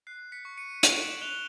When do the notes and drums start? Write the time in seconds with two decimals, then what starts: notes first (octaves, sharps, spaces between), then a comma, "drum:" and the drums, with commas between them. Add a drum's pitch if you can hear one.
0.07 F#6 C7
0.32 B6 C#7
0.45 C#6
0.57 C#7 D#7
0.83 C#6 D7 E7, drum: hi-hat
1.02 E7 F#7
1.21 F#6 F7 G7